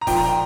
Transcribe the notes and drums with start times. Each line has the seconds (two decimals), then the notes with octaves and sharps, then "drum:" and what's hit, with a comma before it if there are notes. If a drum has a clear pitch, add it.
0.01 A#5
0.07 A#2 F3 G5, drum: kick E1, open hi-hat
0.17 A#5
0.26 G5